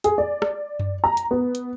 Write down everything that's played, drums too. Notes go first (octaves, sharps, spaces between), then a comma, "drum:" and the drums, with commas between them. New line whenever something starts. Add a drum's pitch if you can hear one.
G#4, drum: hi-hat
D5
drum: rim click
drum: tom F#2
A#5
drum: hi-hat
B3
drum: hi-hat